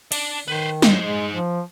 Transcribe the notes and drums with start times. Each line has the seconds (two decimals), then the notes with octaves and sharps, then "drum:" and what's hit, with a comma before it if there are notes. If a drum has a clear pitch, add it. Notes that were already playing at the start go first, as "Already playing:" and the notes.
0.12 D5 A5, drum: cymbal
0.48 D#3 B4 C5
0.82 D#4 C5, drum: snare
1.01 G#3
1.33 F3